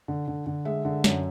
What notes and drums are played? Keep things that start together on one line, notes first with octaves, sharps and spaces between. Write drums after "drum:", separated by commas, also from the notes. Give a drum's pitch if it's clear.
D3
D3
D3
G#3 E5
D3
F#2, drum: snare